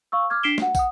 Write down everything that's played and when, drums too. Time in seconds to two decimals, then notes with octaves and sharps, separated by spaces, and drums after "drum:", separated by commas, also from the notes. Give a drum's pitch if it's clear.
0.12 F5 C#6 E6
0.30 D6 F6 G#6
0.43 D4 B6 C7 D7 E7 G7
0.58 F#4 F#5, drum: snare
0.75 F#5 D#6, drum: kick, tambourine